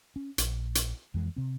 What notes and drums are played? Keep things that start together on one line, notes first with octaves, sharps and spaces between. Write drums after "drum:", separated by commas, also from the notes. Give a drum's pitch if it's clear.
C#4
A#1, drum: hi-hat
drum: hi-hat
F2 E3 G#3
C3 C4